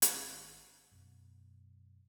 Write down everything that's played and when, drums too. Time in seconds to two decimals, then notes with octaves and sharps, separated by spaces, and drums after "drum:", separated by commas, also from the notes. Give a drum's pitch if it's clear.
0.02 G#1 D#3 B3 D4, drum: hi-hat
0.91 F#2 B2